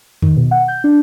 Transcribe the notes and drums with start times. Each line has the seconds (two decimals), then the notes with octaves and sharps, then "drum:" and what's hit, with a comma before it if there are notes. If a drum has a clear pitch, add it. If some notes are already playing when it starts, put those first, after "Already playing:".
0.22 D#3, drum: tom E2
0.37 B2
0.51 F#5
0.68 G6
0.84 D4